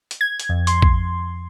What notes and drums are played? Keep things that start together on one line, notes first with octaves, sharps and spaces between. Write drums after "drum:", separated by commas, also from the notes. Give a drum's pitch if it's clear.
drum: hi-hat
G#6
drum: hi-hat
F2
C6, drum: hi-hat
drum: kick